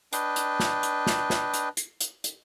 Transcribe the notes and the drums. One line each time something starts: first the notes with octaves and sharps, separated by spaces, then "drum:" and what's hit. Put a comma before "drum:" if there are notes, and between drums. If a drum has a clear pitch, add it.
D4 B4 D#5 G5, drum: hi-hat
drum: hi-hat
drum: snare
drum: hi-hat
drum: snare
drum: snare
drum: hi-hat
drum: hi-hat
drum: hi-hat
drum: hi-hat